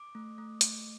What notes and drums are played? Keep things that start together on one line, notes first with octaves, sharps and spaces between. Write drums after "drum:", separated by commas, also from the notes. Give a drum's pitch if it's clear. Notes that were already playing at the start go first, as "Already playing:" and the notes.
Already playing: D6
A3
A3
A3, drum: hi-hat